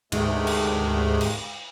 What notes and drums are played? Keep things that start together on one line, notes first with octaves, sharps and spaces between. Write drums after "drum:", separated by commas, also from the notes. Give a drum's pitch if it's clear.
D2 G#2 C3 D#3 G#3 A3, drum: cymbal
drum: cymbal
drum: cymbal